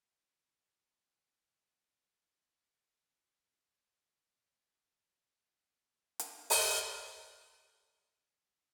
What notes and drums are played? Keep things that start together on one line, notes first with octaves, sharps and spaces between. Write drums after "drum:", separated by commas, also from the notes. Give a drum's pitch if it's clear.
A#3
B3
E4
F#4
G4
F#4
D#4
D4
C#4
C#4
C4
drum: hi-hat
drum: open hi-hat
G#3
E3
F3
F#3
G#3
G#3